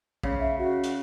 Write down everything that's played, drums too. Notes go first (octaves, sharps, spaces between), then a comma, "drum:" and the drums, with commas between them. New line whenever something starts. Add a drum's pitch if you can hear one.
C#3, drum: kick A#1
E5
F#4
drum: hi-hat